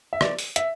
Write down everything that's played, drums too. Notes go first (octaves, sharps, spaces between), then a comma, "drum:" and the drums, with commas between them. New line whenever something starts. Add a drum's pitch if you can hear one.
E5
D5, drum: rim click
drum: open hi-hat
E5, drum: hi-hat